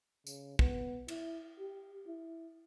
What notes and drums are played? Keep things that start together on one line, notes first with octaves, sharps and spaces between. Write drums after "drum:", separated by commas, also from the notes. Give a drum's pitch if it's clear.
C#3, drum: tambourine
B3, drum: kick
E4, drum: cymbal
G4
E4